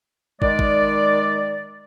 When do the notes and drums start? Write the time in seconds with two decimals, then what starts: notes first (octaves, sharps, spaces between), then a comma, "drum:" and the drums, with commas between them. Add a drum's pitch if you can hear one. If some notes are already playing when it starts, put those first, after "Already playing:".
0.42 D#3 G#3 D5, drum: kick
0.59 drum: kick